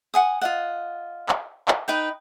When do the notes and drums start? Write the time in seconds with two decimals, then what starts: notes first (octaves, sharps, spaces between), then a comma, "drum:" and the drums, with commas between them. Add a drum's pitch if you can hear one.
0.14 F#5 G#5 D#6
0.41 F4 D#5 F#5
1.29 drum: clap
1.68 drum: clap
1.88 D#4 B4 G5